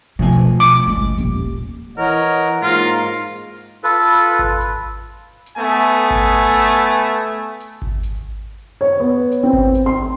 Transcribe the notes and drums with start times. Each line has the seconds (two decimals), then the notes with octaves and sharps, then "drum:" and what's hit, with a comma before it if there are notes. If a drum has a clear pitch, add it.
0.19 B2 F3 A3 G#5
0.32 drum: hi-hat
0.60 D6
0.75 drum: hi-hat
0.87 G#3
0.96 drum: kick G#1
1.18 D#1, drum: hi-hat
1.98 E3 A#4 C#5 D#5 F#5
2.46 drum: hi-hat
2.62 G#2 A#3 F4 A#4
2.89 drum: hi-hat
3.84 F4 A4 B4
4.18 drum: hi-hat
4.39 drum: kick G#1
4.61 drum: hi-hat
5.46 drum: hi-hat
5.58 A3 B3 G#5
5.89 drum: hi-hat
6.10 drum: kick G#1
6.32 drum: hi-hat
7.17 drum: hi-hat
7.60 drum: hi-hat
7.82 drum: kick G#1
8.03 drum: hi-hat
8.81 C#5
9.00 B3
9.32 drum: hi-hat
9.43 C4
9.53 drum: kick G#1
9.74 drum: hi-hat
9.86 C6